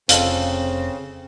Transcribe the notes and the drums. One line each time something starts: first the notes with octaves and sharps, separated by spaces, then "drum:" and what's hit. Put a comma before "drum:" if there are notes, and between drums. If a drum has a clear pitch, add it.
F1 C#3 C4 F4 A4 F5, drum: hi-hat